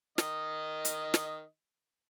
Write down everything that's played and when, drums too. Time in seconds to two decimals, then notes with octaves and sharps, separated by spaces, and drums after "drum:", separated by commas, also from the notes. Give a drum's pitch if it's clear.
0.18 D#3 D#5, drum: snare
0.85 drum: hi-hat
1.14 drum: snare